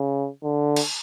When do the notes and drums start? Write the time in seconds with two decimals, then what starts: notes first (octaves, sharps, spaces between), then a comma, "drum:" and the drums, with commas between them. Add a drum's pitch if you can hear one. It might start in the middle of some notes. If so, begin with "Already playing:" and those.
Already playing: C#3
0.44 D3
0.76 drum: cymbal